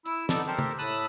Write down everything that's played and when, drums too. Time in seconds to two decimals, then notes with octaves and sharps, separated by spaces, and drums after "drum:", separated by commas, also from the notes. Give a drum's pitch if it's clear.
0.06 E4 E6, drum: hi-hat
0.29 B3 D#4 A4 D5, drum: snare
0.47 G4 A4 A#4 C5
0.59 drum: tom
0.78 A2 A5 B5 D#6 E6 F#6